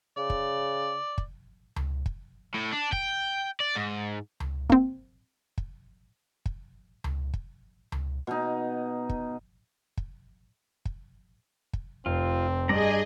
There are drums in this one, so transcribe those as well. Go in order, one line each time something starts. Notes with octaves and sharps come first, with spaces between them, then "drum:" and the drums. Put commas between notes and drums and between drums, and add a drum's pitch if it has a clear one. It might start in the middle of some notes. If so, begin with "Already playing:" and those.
C#3 D5
drum: kick
drum: kick
drum: tom C#2
drum: kick
A2
D4
G5, drum: kick
D5
G#2
drum: tom C#2
A#3 C4, drum: kick
drum: kick
drum: kick
drum: tom C#2
drum: kick
drum: tom C#2
B2 D#4
drum: kick
drum: kick
drum: kick
drum: kick
F1 C4 F4
G2 D4 G#4 D5 D#5 A#5